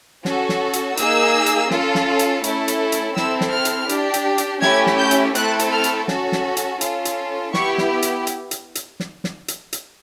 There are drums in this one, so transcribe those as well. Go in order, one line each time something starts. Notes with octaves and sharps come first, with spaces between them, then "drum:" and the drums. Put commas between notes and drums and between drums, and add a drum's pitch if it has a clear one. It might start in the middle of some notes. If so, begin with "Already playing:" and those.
C#4 F#4 A4, drum: snare
drum: snare
drum: hi-hat
A#3 D#4 G#4 E6, drum: hi-hat
drum: hi-hat
C#4 F4 A4, drum: snare
drum: snare
drum: hi-hat
A3 C#4 E4 A4, drum: hi-hat
drum: hi-hat
drum: hi-hat
C4 E4 A4 E6, drum: snare
drum: snare
F6
drum: hi-hat
D4 G4, drum: hi-hat
drum: hi-hat
drum: hi-hat
A3 C#4 E4 G4 G#6, drum: snare
drum: snare
G6
drum: hi-hat
A3 C4 E4 A4 F#6, drum: hi-hat
drum: hi-hat
F6
drum: hi-hat
C#4 F#4 A4, drum: snare
drum: snare
drum: hi-hat
C#4 F4 A4, drum: hi-hat
drum: hi-hat
B3 E4 G4 C#6, drum: snare
drum: snare
drum: hi-hat
drum: hi-hat
drum: hi-hat
drum: hi-hat
drum: snare
drum: snare
drum: hi-hat
drum: hi-hat